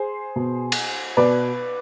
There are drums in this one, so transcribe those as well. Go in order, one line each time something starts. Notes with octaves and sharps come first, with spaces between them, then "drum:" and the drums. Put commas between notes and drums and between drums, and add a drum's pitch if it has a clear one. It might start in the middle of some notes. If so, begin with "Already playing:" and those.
Already playing: G#4 C5
B2
drum: cymbal
B2 B4 D5